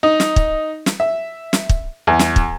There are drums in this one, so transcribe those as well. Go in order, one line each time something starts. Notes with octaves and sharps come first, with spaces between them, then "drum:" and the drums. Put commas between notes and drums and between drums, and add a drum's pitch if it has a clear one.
D#4
drum: snare
drum: kick
drum: snare
E5
drum: snare
drum: kick
E2
drum: snare
drum: kick